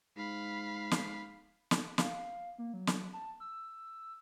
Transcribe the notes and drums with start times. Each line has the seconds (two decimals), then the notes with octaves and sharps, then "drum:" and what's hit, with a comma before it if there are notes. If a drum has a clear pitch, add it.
0.17 G#2 F5 B5
0.91 drum: snare
1.71 drum: snare
1.98 F5, drum: snare
2.58 A#3
2.74 F#3
2.87 drum: snare
3.13 A5
3.40 E6